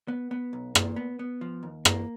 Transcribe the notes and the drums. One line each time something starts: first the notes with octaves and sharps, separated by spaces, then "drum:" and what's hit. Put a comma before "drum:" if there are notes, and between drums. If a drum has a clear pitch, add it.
B3
B3
B1
A#2, drum: rim click
B3
B3
F3
D#2
A#3, drum: rim click